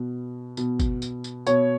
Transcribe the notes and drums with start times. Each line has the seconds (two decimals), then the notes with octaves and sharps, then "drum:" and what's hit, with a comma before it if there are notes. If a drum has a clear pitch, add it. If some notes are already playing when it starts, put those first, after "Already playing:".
Already playing: B2
0.57 B2, drum: tambourine
0.79 drum: kick G1, tambourine
1.02 drum: tambourine
1.24 drum: tambourine
1.47 B2 C#5, drum: tambourine